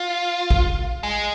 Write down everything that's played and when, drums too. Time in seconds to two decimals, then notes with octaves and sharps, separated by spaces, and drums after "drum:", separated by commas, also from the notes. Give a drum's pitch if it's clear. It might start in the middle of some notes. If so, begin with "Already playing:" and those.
Already playing: F4
0.50 drum: kick
1.03 G#3